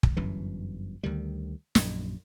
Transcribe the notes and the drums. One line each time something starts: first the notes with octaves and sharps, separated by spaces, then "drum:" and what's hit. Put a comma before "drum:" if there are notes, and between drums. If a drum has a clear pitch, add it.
drum: kick
G1 F#2 E3
D2 D#3 G3
A#1 F#2, drum: snare